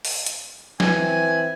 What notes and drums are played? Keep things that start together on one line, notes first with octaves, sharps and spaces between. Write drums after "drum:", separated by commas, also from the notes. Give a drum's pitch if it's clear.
drum: open hi-hat
drum: hi-hat
E3 C4 E4 G#5, drum: snare